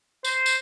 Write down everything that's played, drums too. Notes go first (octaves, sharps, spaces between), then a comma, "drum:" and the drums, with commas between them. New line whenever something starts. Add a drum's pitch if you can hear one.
C5, drum: tambourine
drum: tambourine